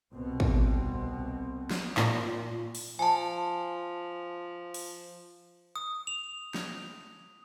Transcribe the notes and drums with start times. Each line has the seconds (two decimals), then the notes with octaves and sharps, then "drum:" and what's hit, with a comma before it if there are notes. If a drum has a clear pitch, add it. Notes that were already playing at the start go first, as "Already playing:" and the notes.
0.13 C2 B2 C4
0.40 drum: kick
1.71 drum: snare
1.97 A#2, drum: clap
2.75 drum: open hi-hat
2.99 F3 G#5 A5
4.74 drum: open hi-hat
5.76 D#6
6.07 F7
6.54 drum: snare